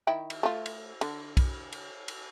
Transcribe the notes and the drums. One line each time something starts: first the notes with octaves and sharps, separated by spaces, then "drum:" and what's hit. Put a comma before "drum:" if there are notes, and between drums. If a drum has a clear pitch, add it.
D#3 E4 G5
drum: cymbal
A3 F4
drum: cymbal
D3, drum: cymbal
drum: kick B1, cymbal
drum: cymbal
drum: cymbal